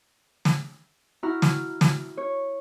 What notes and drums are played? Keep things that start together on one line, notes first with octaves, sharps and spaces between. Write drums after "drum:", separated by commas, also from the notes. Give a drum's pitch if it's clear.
drum: snare
E4 F#4 A#5 F6
drum: snare
drum: snare
C#5